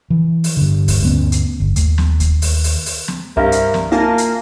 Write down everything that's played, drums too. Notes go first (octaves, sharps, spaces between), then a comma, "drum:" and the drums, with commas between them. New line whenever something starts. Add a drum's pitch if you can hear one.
E3
drum: open hi-hat
G2 D3
drum: kick D2, open hi-hat
D2 G2 B3 C#4
drum: hi-hat
G1
D#2 A3, drum: hi-hat
drum: snare
drum: kick D2, hi-hat
drum: open hi-hat
drum: open hi-hat
drum: open hi-hat
drum: snare
C2 G2 A#4 E5 F5
drum: hi-hat
drum: snare
A#3 F4 G#5 A5 A#6
drum: hi-hat